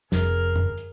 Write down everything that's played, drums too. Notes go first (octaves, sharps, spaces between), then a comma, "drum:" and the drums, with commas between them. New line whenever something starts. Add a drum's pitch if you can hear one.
F1 F2 G#4 A#4, drum: snare
drum: tom F#2
drum: hi-hat